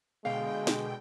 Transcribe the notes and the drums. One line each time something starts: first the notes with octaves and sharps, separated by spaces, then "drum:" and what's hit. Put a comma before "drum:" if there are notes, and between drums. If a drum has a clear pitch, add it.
B2 D3 G#3 F5 G5
drum: snare